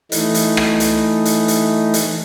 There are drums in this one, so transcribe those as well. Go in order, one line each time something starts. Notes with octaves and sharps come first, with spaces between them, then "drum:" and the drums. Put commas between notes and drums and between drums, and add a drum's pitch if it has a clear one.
E3 A3 D#4, drum: hi-hat
drum: hi-hat
drum: rim click
drum: hi-hat
drum: hi-hat
drum: hi-hat
drum: hi-hat